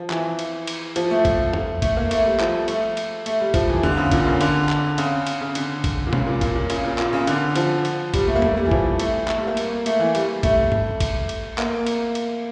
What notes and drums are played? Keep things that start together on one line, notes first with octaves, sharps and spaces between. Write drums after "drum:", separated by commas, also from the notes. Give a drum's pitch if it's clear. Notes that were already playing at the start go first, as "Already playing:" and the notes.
Already playing: F3
E3, drum: clap
drum: cymbal
drum: cymbal
F3, drum: cymbal
A3
drum: kick G#1, cymbal
drum: tom E2
A3, drum: kick G#1, cymbal
A#3
A3, drum: cymbal
G3
F3, drum: clap
A3, drum: cymbal
drum: cymbal
A3, drum: cymbal
G3
F3, drum: kick G#1, cymbal
E3
D3, drum: tom E2
C#3
A#2, drum: kick G#1, cymbal
C#3
D3, drum: cymbal
drum: clap
C#3, drum: cymbal
drum: cymbal
C#3
D3, drum: cymbal
drum: kick G#1, cymbal
A#2
C#3, drum: tom B2
A#2
A#2, drum: kick G#1, cymbal
A#2
C#3, drum: cymbal
A#2
A#2, drum: clap
C#3
D3, drum: cymbal
F3, drum: cymbal
drum: cymbal
G3, drum: kick G#1, cymbal
A3
A#3
A3, drum: tom E2
G3
E3
F3, drum: kick G#1
A3, drum: cymbal
A3, drum: clap
G3
A#3
drum: cymbal
A3, drum: cymbal
E3
G3, drum: cymbal
A3, drum: kick G#1, cymbal
drum: tom G2
drum: kick G#1, cymbal
drum: cymbal
A#3, drum: clap
drum: cymbal
drum: cymbal